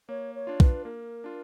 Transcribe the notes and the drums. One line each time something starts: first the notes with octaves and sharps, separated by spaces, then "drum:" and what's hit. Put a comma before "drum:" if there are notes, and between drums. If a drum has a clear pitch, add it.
A#3 C#5
C#5
D4 F4
B4, drum: kick
A#3 A#4
D4 F4